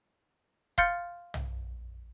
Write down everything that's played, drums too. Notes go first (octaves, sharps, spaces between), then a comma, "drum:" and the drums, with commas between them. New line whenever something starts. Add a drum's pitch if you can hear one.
F5 C6 F6 G6 A6 C#7, drum: kick
drum: tom